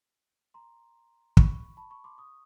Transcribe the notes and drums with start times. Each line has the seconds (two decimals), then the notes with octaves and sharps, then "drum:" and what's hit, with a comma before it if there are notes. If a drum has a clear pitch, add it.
0.54 A#5 C6
1.37 B5 C#6, drum: kick
1.77 A5 B5
1.90 B5 C#6
2.04 C6 D6
2.18 C#6 D#6